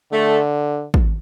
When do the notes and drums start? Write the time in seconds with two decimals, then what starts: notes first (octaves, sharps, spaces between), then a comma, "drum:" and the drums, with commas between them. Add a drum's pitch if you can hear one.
0.12 D3 A3
0.94 drum: kick